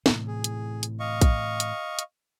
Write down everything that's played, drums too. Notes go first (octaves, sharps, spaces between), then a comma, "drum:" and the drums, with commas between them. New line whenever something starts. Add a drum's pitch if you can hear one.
A2 C3 E3, drum: snare
G#4
drum: hi-hat
drum: hi-hat
D#5 F5 C#6
drum: kick A#1, hi-hat
drum: hi-hat
drum: hi-hat